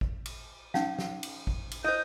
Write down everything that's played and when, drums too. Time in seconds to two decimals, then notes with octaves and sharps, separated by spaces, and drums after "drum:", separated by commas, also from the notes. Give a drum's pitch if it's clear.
0.01 drum: kick A1
0.26 drum: cymbal
0.74 C#4 D#4 F5, drum: snare
0.99 drum: snare
1.23 drum: cymbal
1.47 drum: kick A1
1.71 drum: cymbal
1.84 E4 C5 D#5 G6